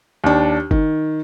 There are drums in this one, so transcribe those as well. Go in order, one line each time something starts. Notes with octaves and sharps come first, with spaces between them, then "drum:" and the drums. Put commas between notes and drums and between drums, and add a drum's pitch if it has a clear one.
D#2 D4
D#3, drum: kick G1